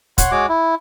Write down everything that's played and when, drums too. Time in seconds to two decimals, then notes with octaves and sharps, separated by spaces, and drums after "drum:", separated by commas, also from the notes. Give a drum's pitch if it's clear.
0.18 C#5 F#5 C6, drum: kick, hi-hat
0.31 G#3 F#4 C#5 D6
0.49 E4